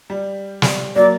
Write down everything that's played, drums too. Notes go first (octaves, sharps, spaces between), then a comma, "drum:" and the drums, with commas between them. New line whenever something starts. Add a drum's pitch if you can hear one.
G3
G3, drum: snare
F#3 A#3 D5